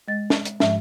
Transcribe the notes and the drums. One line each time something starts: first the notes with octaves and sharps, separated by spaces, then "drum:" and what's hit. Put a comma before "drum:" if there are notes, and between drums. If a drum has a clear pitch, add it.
G#3 D#5 A6
E5, drum: snare
drum: hi-hat
G#2 F3 G#3 E5, drum: snare